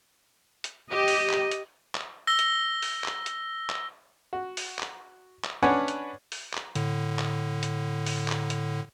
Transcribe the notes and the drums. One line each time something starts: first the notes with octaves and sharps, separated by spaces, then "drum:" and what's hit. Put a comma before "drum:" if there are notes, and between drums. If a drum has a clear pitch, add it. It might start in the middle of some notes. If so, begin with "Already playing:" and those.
drum: hi-hat
G4 D#5
drum: open hi-hat
drum: clap
drum: hi-hat
drum: clap
E6 A#6 G7
drum: hi-hat
drum: open hi-hat
drum: clap
drum: hi-hat
drum: clap
F#4
drum: open hi-hat
drum: clap
drum: clap
C#4 D4 B4 C#5 F#5 G#5
drum: hi-hat
drum: open hi-hat
drum: clap
A2 D3, drum: hi-hat
drum: clap
drum: hi-hat
drum: open hi-hat
drum: clap
drum: hi-hat